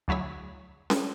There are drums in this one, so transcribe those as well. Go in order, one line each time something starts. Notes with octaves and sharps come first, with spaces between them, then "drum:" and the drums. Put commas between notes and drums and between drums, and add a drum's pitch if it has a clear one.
D2 F#3 E4 G#4 C#5
drum: snare C#4